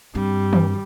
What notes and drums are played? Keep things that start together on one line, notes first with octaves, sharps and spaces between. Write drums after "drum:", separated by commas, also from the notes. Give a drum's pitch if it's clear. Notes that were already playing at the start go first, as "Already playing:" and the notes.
G2 G3 C4
drum: tom D#3